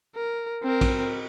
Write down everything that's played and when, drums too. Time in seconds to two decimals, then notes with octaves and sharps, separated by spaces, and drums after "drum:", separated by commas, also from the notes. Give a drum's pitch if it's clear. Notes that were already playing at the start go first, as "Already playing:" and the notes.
0.16 A#4
0.63 C4 A#4
0.81 drum: kick, cymbal